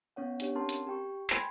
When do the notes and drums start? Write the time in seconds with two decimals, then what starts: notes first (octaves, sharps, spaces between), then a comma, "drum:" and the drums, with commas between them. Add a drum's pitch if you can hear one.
0.16 B3 C#4 C#5 F#5
0.40 D4 G4 C#5, drum: hi-hat
0.55 C4 C#4 A#4 A5 C6
0.69 drum: hi-hat
0.87 G4 G5 C#6
1.30 G5 G#5 B5 C6 G#6, drum: clap